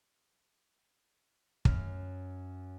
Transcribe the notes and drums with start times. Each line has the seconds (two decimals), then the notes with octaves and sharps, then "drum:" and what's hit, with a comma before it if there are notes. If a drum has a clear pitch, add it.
1.65 F#2 F6, drum: kick